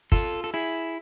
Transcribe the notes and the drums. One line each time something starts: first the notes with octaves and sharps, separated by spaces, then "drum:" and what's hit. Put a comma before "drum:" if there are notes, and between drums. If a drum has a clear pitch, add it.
F4 A4, drum: kick
A4
E4 G#4